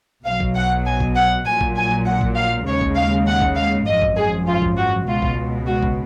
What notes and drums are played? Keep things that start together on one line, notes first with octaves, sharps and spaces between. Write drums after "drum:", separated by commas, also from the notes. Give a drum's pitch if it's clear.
B1 B2 F#3 F5
drum: kick A1
F#5
G#5
drum: kick A1
F#5
A#1 A#2 F#3 G#5
drum: kick A1
G#5
F#5
drum: kick A1
F5
D#2 C#3 G#3 C#5
drum: kick A1
F5
F#5
drum: kick A1
F5
G#1 F#2 F3 D#5
drum: kick A1
G#4
F4
drum: kick A1
F#4
C#2 B2 G#3 F4
drum: kick A1
F#4
drum: kick A1